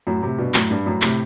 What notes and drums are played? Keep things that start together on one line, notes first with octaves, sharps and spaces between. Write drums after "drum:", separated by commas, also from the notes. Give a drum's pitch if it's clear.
F#2 A2
A2 C3
G2 B2
F#2 A2, drum: clap
G2
F#2 A2
A2 C3, drum: clap